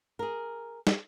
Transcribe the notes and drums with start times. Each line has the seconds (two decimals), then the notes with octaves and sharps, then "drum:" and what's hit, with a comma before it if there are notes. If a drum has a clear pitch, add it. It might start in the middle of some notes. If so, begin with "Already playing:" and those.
0.19 G#4 A#4
0.87 drum: snare